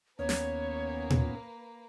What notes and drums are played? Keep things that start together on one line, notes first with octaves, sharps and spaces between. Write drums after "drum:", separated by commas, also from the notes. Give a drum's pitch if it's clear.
D#2 A#3 B3 C#4 B4 C#5
drum: snare
drum: tom A#2